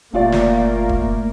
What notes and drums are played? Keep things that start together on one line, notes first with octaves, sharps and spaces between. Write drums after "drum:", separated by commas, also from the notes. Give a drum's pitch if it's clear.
F#1 A#2 A3 A#3 F4 D5
drum: snare
drum: kick